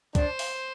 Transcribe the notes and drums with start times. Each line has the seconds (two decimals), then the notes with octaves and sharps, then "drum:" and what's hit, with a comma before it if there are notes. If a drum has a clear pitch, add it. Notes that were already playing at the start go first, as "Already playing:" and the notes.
0.15 D4 C5, drum: kick, hi-hat
0.39 drum: open hi-hat